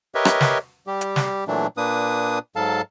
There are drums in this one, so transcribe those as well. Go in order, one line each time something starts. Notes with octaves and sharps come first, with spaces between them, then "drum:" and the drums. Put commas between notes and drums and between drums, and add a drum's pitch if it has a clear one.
G4 A#4 B4 C#5 D#5 E5
drum: rim click
drum: snare
G3 G4
drum: hi-hat
drum: snare
A#2 E3 F#3 A3 D4
A#2 A#3 D4 B4 D#6
G#2 F#3 A4 F5 A5